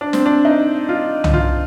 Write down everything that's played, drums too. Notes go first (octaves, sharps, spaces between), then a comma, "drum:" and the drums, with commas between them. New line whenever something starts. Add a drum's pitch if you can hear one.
D4
C4, drum: snare
D4
D#4
F4
drum: tom C2
F4